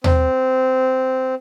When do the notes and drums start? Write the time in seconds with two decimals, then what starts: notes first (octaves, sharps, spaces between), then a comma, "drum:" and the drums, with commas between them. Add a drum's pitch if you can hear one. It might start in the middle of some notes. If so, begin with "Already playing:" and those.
0.04 C4, drum: tom D#2